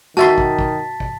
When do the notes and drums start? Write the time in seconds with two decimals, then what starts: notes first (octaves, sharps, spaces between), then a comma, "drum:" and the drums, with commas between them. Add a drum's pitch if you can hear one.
0.17 D#3 F#4 E5 A5 C6 A6 B6, drum: snare
0.38 drum: kick
0.59 drum: kick
1.00 drum: kick